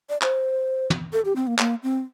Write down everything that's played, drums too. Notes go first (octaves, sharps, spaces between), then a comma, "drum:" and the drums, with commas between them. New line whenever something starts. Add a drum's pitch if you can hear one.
D5
C5, drum: clap
drum: tom
A4
G4
C4
A#3
A#3, drum: clap
C4